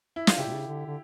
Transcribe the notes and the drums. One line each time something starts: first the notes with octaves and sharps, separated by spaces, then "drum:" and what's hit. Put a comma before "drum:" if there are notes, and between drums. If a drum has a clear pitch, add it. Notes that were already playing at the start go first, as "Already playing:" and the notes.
E4
F4, drum: snare
C#3 E4 G4
A#2
C#3
D3
D3